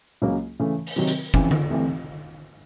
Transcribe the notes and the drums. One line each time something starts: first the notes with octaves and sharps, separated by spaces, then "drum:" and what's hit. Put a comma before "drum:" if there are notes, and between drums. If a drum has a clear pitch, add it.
C#2 C#3 F#3 A#3
C#3 E3 A3
drum: open hi-hat
C3 D#3 F#3
drum: hi-hat
F2 C#3 E3, drum: kick
drum: tom D3
C2 C3 E3 A3